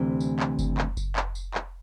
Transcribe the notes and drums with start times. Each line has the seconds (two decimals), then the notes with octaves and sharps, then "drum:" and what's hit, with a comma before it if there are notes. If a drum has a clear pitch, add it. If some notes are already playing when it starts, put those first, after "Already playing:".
Already playing: D2 C3 E3
0.20 drum: tambourine
0.40 drum: clap
0.59 drum: kick F#1, tambourine
0.78 drum: clap
0.97 drum: kick F#1, tambourine
1.16 drum: clap
1.35 drum: tambourine
1.54 drum: clap